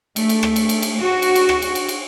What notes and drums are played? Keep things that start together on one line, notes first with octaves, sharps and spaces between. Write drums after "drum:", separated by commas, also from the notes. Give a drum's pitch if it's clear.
A3, drum: cymbal
drum: cymbal
drum: rim click
drum: cymbal
drum: cymbal
drum: cymbal
F#4
drum: cymbal
drum: cymbal
drum: rim click
drum: cymbal
drum: cymbal
drum: cymbal